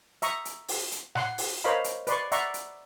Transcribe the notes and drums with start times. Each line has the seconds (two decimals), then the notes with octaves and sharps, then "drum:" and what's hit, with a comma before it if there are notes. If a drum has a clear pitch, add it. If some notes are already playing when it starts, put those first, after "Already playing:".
0.22 E5 A#5 C#6 D#6, drum: hi-hat
0.45 drum: hi-hat
0.68 drum: open hi-hat
0.92 drum: hi-hat
1.15 F#5 C6, drum: snare
1.38 drum: open hi-hat
1.64 A#4 C5 C#5 D#5 F5 B5
1.84 drum: hi-hat
2.07 B4 D5 C6 C#6, drum: hi-hat
2.32 D5 E5 F#5 A#5 C6 C#6, drum: hi-hat
2.54 drum: hi-hat